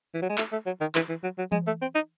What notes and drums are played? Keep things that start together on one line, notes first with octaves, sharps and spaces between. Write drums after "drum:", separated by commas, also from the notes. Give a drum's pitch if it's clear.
E3
F#3
G#3
A3, drum: clap
A3
F#3
D#3
E3, drum: clap
E3
F#3
F#3
G#3, drum: tom E3
A3
C4
D#4